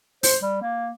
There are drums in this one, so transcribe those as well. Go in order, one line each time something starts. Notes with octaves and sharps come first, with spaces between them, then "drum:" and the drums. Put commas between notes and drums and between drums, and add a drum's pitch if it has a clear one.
C5, drum: open hi-hat
G3
A#3